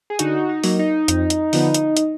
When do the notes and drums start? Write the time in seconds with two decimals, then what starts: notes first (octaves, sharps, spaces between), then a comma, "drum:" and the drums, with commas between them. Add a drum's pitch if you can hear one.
0.10 G#4
0.19 D3 D#4 F#4, drum: hi-hat
0.49 D#4
0.64 F#3 A#3, drum: open hi-hat
0.79 D#4
1.08 F2, drum: hi-hat
1.30 drum: hi-hat
1.53 D3 F3 B3, drum: open hi-hat
1.74 drum: hi-hat
1.97 drum: hi-hat